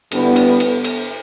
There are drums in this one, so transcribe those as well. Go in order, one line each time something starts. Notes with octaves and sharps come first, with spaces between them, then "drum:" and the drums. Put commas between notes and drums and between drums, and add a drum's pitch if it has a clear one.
G2 D3 B3 E4, drum: cymbal
drum: cymbal
drum: cymbal
drum: cymbal